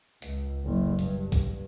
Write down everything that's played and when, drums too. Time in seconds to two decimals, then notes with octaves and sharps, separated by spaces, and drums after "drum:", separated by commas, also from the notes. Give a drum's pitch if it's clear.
0.22 C#2, drum: hi-hat
0.65 F#1
0.99 G2, drum: hi-hat
1.32 G2, drum: kick A1, hi-hat